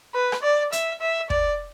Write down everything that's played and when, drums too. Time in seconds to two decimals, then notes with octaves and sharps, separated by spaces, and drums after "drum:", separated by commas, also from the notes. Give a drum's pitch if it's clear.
0.14 B4
0.32 drum: rim click
0.43 D5
0.72 E5, drum: hi-hat
1.01 E5
1.30 D5, drum: kick